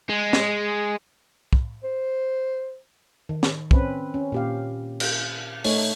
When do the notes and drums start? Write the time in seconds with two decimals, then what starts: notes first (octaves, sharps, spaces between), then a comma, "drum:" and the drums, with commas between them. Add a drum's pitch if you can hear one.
0.09 G#3
0.33 drum: snare
1.53 drum: kick
1.84 C5
3.29 D#3
3.43 drum: snare
3.71 C4 C#4 B4, drum: kick
4.14 C#4
4.32 A#2 G4 F5
5.00 drum: cymbal
5.64 A3 D#4 C#5, drum: open hi-hat